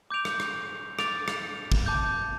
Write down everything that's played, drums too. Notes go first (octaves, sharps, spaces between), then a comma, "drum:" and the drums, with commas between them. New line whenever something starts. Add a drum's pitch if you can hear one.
D6 G6 D7 F7
drum: rim click
drum: rim click
D6 A6 D7 F7, drum: rim click
drum: rim click
drum: kick
A5 D6 G6